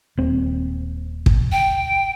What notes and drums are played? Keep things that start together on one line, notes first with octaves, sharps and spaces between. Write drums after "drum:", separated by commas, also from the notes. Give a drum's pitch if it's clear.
D#1 C4
drum: kick
G5